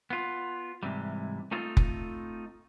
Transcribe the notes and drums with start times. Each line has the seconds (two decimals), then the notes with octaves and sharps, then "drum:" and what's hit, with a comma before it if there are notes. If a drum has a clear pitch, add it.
0.10 B3 F4
0.83 G#2 C3 E3 G3
1.51 A3 C4 D#4 F4 A4
1.77 drum: kick F1